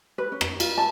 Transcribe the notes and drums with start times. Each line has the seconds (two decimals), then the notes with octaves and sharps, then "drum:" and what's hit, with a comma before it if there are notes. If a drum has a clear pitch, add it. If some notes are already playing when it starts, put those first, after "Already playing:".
0.18 B4
0.32 C#4
0.41 drum: rim click
0.60 F4, drum: cymbal
0.77 A5